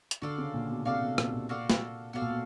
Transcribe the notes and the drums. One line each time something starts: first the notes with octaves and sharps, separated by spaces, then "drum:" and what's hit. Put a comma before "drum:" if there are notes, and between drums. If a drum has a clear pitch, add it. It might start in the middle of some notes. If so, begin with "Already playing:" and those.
drum: hi-hat
D3 F#4 A4 D5 F5
C#3
A#2
B2
C3 F#4 A4 D5 F5
B2
A#2, drum: rim click
A#2
F#4 A4 D5 F5
drum: snare
B2 F#4 A4 D5 F5
A#2
B2